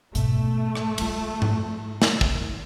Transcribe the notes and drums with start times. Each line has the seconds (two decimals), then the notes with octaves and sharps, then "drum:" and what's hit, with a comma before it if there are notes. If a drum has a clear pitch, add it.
0.15 G#2 B2 A3, drum: hi-hat
0.75 drum: rim click
0.98 G3 F4, drum: cymbal
1.42 drum: tom G#2
2.02 drum: snare
2.21 drum: kick